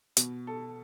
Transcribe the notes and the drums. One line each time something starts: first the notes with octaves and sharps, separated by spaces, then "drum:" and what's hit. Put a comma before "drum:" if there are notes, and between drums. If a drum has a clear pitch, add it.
B2, drum: hi-hat
A4